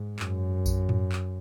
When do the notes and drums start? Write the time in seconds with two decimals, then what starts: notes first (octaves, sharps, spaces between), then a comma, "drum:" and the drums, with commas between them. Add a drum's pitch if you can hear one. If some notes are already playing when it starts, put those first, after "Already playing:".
Already playing: G#2
0.19 F#2, drum: clap
0.66 drum: kick A#1, tambourine
0.89 drum: tom G#2
1.12 drum: clap